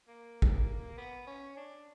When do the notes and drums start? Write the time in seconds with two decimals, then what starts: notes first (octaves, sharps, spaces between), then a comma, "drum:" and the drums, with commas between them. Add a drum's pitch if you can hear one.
0.08 A#3
0.42 drum: kick
0.97 B3
1.27 C#4
1.57 D4